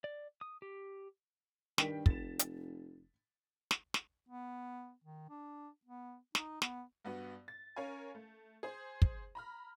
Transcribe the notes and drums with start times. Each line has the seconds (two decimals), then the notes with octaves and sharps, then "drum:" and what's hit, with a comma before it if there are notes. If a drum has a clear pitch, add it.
0.04 D5
0.41 D#6
0.62 G4
1.78 G2 D#3 G5 B6, drum: snare
2.06 F1 A6 E7, drum: kick
2.39 drum: hi-hat
3.71 drum: snare
3.94 drum: snare
4.29 B3
5.04 D#3
5.30 D4
5.85 B3
6.35 D#4, drum: snare
6.62 B3, drum: snare
7.05 G2 B3 F#4
7.48 A6
7.76 C#4 A#4 C#5 F5 G#5
8.15 A3
8.63 G#4 C5
9.02 drum: kick
9.35 A#5 B5 F6